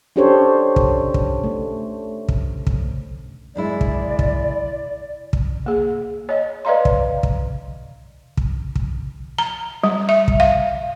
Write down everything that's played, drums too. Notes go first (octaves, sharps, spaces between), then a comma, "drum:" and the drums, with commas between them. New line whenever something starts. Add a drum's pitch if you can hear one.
C#4 D4 G4 A4 C5 C#5
drum: kick
drum: kick
A3
drum: kick
drum: kick
F#2 G#3 E4 D5
drum: kick
drum: kick
drum: kick
A#3 G#4
C#5 D#5
B4 D5 D#5 F5 A#5 C6
drum: kick
drum: kick
drum: kick
drum: kick
A#5
G3
E5
drum: kick
F5